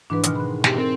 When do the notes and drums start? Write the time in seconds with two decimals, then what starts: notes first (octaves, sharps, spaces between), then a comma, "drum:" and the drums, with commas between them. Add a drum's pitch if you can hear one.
0.10 G#2 E3 D4 B4
0.23 B2 D#3 G#3 F6, drum: hi-hat
0.35 B5 F#6
0.64 B2 G4, drum: snare
0.78 C4 A4 A#4